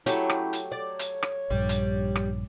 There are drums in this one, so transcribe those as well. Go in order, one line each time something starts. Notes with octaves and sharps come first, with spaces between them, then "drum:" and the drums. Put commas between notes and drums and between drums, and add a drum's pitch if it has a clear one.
F#3 A3 C#4 E4 G4, drum: hi-hat
drum: rim click
drum: hi-hat
C#5 D5
drum: hi-hat
drum: rim click
A#1 G2 G3
drum: hi-hat
drum: rim click